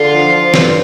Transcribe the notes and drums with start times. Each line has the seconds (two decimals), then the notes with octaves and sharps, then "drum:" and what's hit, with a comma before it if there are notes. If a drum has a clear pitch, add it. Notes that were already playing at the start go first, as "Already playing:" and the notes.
Already playing: D3 F4
0.14 F3
0.34 F3
0.54 G2, drum: snare